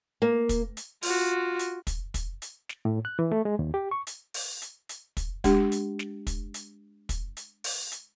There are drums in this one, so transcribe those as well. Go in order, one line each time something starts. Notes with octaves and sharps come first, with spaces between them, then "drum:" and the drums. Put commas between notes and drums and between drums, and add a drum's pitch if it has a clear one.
A#3
drum: kick, hi-hat
drum: hi-hat
F4 F#4, drum: open hi-hat
drum: hi-hat
drum: kick, hi-hat
drum: kick, hi-hat
drum: hi-hat
drum: snare
A2
F#6
E3
A3
G#3
D#2
G4
C#6
drum: hi-hat
drum: open hi-hat
drum: hi-hat
drum: hi-hat
drum: kick, hi-hat
G#3 D4 G4, drum: kick, hi-hat
drum: hi-hat
drum: snare
drum: kick, hi-hat
drum: hi-hat
drum: kick, hi-hat
drum: hi-hat
drum: open hi-hat
drum: hi-hat